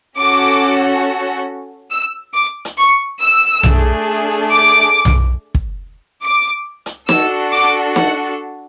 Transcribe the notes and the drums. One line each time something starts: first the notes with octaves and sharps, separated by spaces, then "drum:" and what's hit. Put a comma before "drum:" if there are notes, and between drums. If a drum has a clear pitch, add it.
C#4 F#4 A4 D6
E6
D6
drum: hi-hat
C#6
E6
A3 D4 G#4, drum: tom B1
D6
drum: tom B1
drum: kick
D6
drum: hi-hat
D4 F#4 A4 E6, drum: snare
D6
F#5, drum: snare